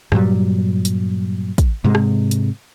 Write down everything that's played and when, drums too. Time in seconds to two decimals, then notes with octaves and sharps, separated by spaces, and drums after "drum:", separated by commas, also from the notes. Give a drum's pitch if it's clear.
0.12 G2 A#2 F#3 G3, drum: rim click
0.85 drum: hi-hat
1.58 drum: kick, hi-hat
1.84 G#2 C3 G#3
1.95 drum: rim click
2.31 drum: hi-hat